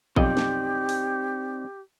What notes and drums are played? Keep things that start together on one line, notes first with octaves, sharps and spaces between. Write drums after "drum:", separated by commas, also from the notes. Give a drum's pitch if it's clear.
B1 F2 C4 D#4 G4 D5 D#5, drum: kick A1
drum: snare
drum: open hi-hat